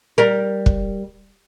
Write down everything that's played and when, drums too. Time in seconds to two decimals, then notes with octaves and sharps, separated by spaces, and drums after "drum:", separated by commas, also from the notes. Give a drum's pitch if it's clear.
0.18 G3 A#4
0.66 drum: kick